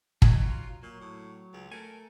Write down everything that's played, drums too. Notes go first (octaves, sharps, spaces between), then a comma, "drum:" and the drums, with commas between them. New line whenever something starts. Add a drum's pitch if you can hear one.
F#3 G#3 D#4, drum: kick
F4
A#2 F#3
A2
C#2
A3 A4 A#4 G#5